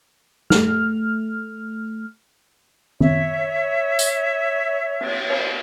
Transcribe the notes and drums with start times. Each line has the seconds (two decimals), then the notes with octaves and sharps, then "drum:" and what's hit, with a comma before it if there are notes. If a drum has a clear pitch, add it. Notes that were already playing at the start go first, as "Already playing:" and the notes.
0.50 A3 F6, drum: snare
3.00 C#5 E5, drum: tom
3.99 drum: tambourine
5.01 drum: cymbal
5.29 drum: cymbal